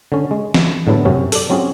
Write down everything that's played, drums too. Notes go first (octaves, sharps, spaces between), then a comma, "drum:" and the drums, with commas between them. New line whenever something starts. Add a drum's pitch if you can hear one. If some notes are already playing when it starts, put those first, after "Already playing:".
D3 C#4
G#3
drum: snare
A2 D3 F#3 B3 A4
F#2 C3 F#3 C#4
A4 D5, drum: open hi-hat
F#3 C4 C#4 F4 G#4